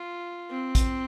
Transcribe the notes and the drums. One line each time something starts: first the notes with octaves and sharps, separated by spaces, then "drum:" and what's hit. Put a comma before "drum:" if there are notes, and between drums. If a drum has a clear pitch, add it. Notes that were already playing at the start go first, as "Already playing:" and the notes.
Already playing: F4
C4
drum: kick, hi-hat